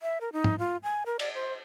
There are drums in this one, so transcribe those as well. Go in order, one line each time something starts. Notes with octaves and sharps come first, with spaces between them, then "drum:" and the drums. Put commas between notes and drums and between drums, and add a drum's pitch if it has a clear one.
E5
A#4
D#4
drum: tom
F4
G#5
A#4
D5, drum: cymbal
C5